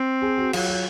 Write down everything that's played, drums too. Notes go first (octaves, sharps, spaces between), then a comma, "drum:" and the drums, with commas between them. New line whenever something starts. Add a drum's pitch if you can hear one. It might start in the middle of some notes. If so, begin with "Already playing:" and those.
Already playing: C4
G#4
F#4
F#3 F4, drum: cymbal
F#4